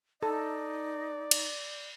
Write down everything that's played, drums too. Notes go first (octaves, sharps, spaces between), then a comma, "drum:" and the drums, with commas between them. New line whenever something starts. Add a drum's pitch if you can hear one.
D#4 A4 D5
drum: cymbal